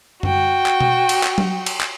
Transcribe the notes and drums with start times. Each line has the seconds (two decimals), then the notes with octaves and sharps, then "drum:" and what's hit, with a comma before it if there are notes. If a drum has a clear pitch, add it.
0.23 F#4 G5, drum: tom F#2
0.66 drum: clap
0.81 drum: tom B2
1.09 drum: cymbal
1.23 drum: clap
1.38 drum: tom F#3
1.66 drum: cymbal
1.81 drum: clap